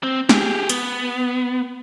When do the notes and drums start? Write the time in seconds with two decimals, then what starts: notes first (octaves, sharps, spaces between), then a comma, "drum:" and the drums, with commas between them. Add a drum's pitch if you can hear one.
0.03 C4
0.29 G4 G#4, drum: snare
0.69 B3, drum: hi-hat